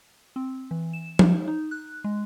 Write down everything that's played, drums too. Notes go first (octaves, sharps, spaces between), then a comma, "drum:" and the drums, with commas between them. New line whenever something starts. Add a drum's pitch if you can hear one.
C4
E3
E7
D#4, drum: tom F3
D#4
F#6
G#3